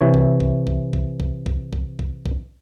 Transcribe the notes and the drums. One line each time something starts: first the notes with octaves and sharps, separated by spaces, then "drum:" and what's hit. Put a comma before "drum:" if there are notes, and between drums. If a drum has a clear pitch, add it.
C3 E3 C#5
drum: kick
drum: kick
drum: kick
drum: kick
drum: kick
drum: kick
drum: kick
drum: kick
drum: kick